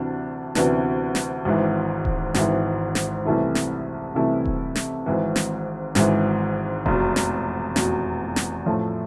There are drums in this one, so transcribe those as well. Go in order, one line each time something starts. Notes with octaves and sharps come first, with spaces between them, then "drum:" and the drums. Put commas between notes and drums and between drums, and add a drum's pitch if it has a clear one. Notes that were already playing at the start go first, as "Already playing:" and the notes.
Already playing: D2 C3 E3 D4
D2 C3 E3 B3 D4, drum: snare
drum: snare
G#1 G#2 E3
drum: kick D#1
G#1 G#2 E3, drum: snare
drum: snare
C2 C3 E3 A3 E4
drum: snare
C2 C3 E3 A3 E4
drum: kick D#1
drum: snare
G#1 G#2 E3
drum: snare
G#1 G#2 E3, drum: snare
F1 E2 B2, drum: kick D#1
drum: snare
F1 E2 B2, drum: snare
drum: snare
A2 F3 A3